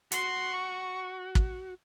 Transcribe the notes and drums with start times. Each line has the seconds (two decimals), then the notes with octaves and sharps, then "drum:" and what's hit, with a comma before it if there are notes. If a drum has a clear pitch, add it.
0.12 F#4 C6, drum: hi-hat
0.54 C#6
1.35 drum: kick